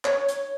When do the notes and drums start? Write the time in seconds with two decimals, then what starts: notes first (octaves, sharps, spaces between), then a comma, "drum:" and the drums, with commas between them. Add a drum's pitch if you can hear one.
0.05 C#5, drum: clap
0.29 drum: hi-hat